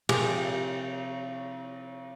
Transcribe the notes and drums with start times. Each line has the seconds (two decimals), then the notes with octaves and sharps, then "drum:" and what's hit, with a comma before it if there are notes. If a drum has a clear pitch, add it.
0.09 C3 F3 G4 G#4, drum: cymbal